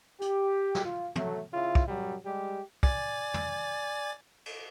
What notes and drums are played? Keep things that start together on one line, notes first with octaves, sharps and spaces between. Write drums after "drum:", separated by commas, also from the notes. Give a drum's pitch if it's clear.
G4, drum: hi-hat
drum: snare
F4
F#3 A3, drum: tom
C#3 E4 F4
drum: kick
F#2 F#3 G3
G3 G#3 G4
D5 G#5 A6, drum: kick
drum: tom
drum: cymbal